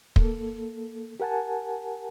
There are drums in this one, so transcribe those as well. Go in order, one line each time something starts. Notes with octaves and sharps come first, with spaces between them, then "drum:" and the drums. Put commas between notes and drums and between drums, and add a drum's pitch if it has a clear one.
A#3 A4, drum: kick
G4 A#4 F#5 G#5 A5